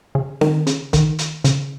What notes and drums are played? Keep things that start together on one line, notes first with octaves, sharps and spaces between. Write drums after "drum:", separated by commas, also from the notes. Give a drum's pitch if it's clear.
C#3
D#3, drum: snare C4
C#3, drum: hi-hat
D#3, drum: kick, hi-hat
drum: hi-hat
C#3, drum: hi-hat